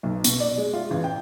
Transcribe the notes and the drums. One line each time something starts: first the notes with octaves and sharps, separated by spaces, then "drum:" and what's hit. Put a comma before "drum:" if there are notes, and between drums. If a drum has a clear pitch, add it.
B1
B2, drum: hi-hat
D5
G#3
F4
A1
G5